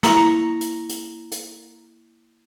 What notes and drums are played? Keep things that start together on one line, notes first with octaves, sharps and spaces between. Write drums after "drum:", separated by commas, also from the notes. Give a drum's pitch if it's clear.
A#3 E4 A#5 C#6, drum: snare
drum: hi-hat
drum: hi-hat
drum: hi-hat